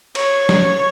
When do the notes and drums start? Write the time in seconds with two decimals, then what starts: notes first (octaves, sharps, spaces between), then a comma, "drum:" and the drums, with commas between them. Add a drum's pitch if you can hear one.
0.15 C#5, drum: cymbal
0.49 drum: snare